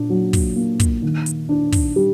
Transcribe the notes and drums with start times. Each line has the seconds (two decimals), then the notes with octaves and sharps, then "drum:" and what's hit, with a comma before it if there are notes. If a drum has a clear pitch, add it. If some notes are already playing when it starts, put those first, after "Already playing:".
Already playing: A#2 D4
0.10 F#3
0.33 drum: kick, open hi-hat
0.56 A#3
0.80 drum: kick, hi-hat
1.02 D#3
1.26 drum: hi-hat
1.49 D4
1.73 drum: kick, open hi-hat
1.96 G3